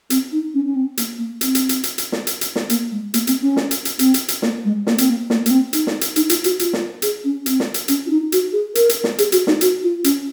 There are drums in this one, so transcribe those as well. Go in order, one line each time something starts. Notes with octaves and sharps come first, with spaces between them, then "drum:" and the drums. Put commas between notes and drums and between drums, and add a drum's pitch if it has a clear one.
C4, drum: hi-hat
D#4
C#4
C#4
C4
A#3, drum: hi-hat
A#3
C4, drum: hi-hat
drum: hi-hat
drum: hi-hat
drum: hi-hat
drum: hi-hat
drum: snare
drum: hi-hat
drum: hi-hat
drum: snare
A#3, drum: hi-hat
G#3
A#3, drum: hi-hat
C4, drum: hi-hat
C#4
drum: snare
drum: hi-hat
drum: hi-hat
C4, drum: hi-hat
drum: hi-hat
drum: hi-hat
A#3, drum: snare
G#3
A#3, drum: snare
C4, drum: hi-hat
A#3
A#3, drum: snare
A#3, drum: hi-hat
C4
D#4, drum: hi-hat
drum: snare
drum: hi-hat
D#4, drum: hi-hat
F4, drum: hi-hat
F#4, drum: hi-hat
F4, drum: hi-hat
drum: snare
G#4, drum: hi-hat
C#4
C4, drum: hi-hat
drum: snare
drum: hi-hat
C#4, drum: hi-hat
F4
D#4
F#4, drum: hi-hat
G#4
A#4, drum: hi-hat
drum: hi-hat
drum: snare
G#4, drum: hi-hat
F#4, drum: hi-hat
D#4, drum: snare
F#4, drum: hi-hat
F4
C#4, drum: hi-hat